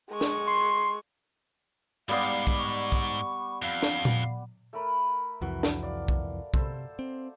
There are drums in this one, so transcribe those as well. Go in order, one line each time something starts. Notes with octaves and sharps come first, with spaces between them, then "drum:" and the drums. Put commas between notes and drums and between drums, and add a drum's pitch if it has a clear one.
G#3 C#6
drum: snare
C6
G#2 G3 B3 D5 F5
drum: kick
C#6
drum: kick
F2 F5
drum: snare
drum: tom A#2
A3 A#4 B5
C2 F2 E3 F#4
drum: snare
D5 F5
drum: kick
C3 A4 C5, drum: kick
C4